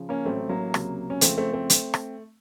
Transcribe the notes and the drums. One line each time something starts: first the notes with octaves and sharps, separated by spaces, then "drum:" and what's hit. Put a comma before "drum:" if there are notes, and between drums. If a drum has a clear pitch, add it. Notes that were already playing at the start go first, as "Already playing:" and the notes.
Already playing: C#3 F3
A#3 C#4
A1 A2 F#3 A3 C4
F#3 A#3
C#2 C3 F#3, drum: rim click
C#4
F2 C#3 F3 A3 C4, drum: hi-hat
A3 C4
A3 C4
drum: hi-hat
drum: rim click